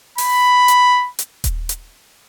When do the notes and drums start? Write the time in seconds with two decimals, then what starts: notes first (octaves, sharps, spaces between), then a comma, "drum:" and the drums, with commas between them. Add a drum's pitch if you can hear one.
0.18 B5, drum: open hi-hat
0.68 drum: hi-hat
1.19 drum: hi-hat
1.44 drum: kick D#1, hi-hat
1.69 drum: hi-hat